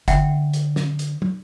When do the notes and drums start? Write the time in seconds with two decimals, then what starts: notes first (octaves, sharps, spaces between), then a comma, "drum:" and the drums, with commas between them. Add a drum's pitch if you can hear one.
0.08 D3 E5 F#5 G5, drum: kick G1, hi-hat
0.53 drum: hi-hat
0.76 drum: snare
0.99 drum: hi-hat
1.22 drum: tom